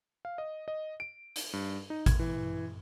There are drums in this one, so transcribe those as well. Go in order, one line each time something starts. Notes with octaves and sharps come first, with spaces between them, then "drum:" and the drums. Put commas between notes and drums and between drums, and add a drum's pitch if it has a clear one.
F5
D#5
D#5
D7
drum: hi-hat
G2
D#4
G#6, drum: kick A1, hi-hat
E3